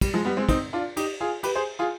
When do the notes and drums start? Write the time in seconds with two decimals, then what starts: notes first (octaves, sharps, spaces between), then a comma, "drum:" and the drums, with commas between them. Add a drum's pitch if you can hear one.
0.01 G3, drum: kick, cymbal
0.14 F3 G#3
0.25 G3 B3
0.37 G#3 C4
0.49 C4 D#4, drum: kick, cymbal
0.73 D4 F4
0.97 D#4 G4, drum: cymbal
1.21 F4 G#4
1.43 G4 B4, drum: cymbal
1.56 G#4 C5
1.79 F4 G#4